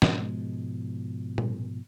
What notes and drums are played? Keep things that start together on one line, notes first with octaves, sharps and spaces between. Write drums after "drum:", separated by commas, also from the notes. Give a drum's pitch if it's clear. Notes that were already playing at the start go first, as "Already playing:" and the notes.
G#2 B2 F3 G#3, drum: snare
drum: tom A#2